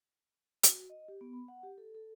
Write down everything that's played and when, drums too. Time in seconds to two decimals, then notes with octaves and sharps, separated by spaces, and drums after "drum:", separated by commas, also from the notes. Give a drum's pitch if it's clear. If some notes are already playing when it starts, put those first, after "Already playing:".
0.63 F#4, drum: hi-hat
0.90 D#5
1.08 G4
1.21 B3
1.33 B5
1.48 F#5
1.63 G4
1.78 A4
1.95 A4